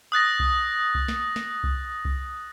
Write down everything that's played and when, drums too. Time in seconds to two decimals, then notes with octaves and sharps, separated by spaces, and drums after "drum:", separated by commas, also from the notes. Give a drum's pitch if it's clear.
0.12 D#6 F#6 A6 A#6
0.40 drum: kick C2
0.95 drum: kick C2
1.08 drum: snare
1.36 drum: snare
1.64 drum: kick C2
2.05 drum: kick C2